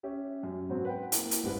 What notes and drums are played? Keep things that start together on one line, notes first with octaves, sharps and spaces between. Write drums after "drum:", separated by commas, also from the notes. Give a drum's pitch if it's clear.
C#4 G4 E5
F#2
G#2 B2 F#3 C4
B4 F#5 G5
A#3 E4, drum: hi-hat
drum: hi-hat
F#1 G#2 G3 B4